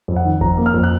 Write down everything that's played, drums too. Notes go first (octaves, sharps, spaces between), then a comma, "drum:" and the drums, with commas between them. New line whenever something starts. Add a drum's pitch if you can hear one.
F2
F#5
D#3
F2 A#5, drum: kick F#1
A#3
F6
F2
F#6